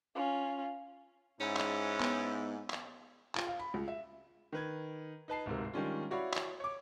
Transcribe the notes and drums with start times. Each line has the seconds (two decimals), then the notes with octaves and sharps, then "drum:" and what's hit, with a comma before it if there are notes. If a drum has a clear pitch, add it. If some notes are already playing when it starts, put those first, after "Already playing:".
0.15 C#4 F4
1.40 G#2 C#4 E4
1.56 drum: clap
2.00 B3, drum: clap
2.70 drum: clap
3.35 F4, drum: clap
3.47 F5
3.59 B5
3.74 C#2
3.88 E5
4.52 D#3 B4 G#6
5.28 D#4 B4 A5 C7
5.46 D1 G#2 C3 A#4
5.73 D#3 G3 G#3 C#4 D4 F4
6.10 E4 F#4 C#5 D5 F5 B5
6.33 drum: clap
6.60 C#5 D6